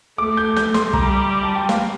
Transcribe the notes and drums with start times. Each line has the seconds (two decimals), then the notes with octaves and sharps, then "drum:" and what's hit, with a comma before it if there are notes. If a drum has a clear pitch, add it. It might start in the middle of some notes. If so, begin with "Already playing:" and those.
0.18 A3 D6
0.37 G6
0.56 G6, drum: snare
0.74 C6, drum: snare
0.93 G3 A#5, drum: kick
1.43 A5
1.55 G5
1.69 F5, drum: snare